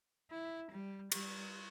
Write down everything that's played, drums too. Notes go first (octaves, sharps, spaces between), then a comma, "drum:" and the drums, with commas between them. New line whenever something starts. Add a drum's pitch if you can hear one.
E4
G3
G3, drum: cymbal